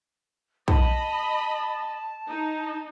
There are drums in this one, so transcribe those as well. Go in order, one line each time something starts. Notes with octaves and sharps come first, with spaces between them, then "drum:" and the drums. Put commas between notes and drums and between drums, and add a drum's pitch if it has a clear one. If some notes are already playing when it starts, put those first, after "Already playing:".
D#5 A5 B5, drum: kick
D#4